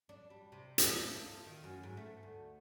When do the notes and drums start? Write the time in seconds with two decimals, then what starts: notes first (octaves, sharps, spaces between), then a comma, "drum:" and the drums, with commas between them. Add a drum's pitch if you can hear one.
0.09 D4
0.30 G3
0.52 C3
0.78 A#3, drum: hi-hat
1.05 A3
1.23 F4
1.46 D#3
1.64 F#2
1.83 G#2
1.97 A3
2.23 D2